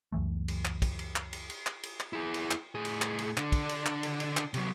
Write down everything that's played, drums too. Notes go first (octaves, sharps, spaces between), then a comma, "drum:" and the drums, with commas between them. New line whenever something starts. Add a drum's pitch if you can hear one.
C#2 F#2 E3 A3
drum: cymbal
drum: clap
drum: kick, cymbal
drum: cymbal
drum: clap
drum: cymbal
drum: cymbal
drum: clap
drum: cymbal
drum: clap
E4 G#4
drum: cymbal
drum: clap
A2 G#4
drum: cymbal
drum: clap
drum: cymbal
D3 D4, drum: clap
drum: kick, cymbal
drum: cymbal
drum: clap
drum: cymbal
drum: cymbal
drum: clap
C3 F#3, drum: cymbal